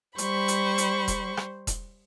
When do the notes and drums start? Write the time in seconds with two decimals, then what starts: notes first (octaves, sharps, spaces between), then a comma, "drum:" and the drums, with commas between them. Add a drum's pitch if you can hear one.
0.18 G3 C5 B5 C#6, drum: hi-hat
0.48 drum: hi-hat
0.78 drum: hi-hat
1.08 drum: kick E1, hi-hat
1.37 drum: rim click
1.67 drum: kick E1, hi-hat